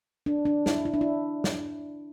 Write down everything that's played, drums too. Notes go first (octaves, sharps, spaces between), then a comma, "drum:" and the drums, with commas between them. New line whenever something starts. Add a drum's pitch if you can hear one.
D4
D4
E4, drum: snare
E4
D4
E4
drum: snare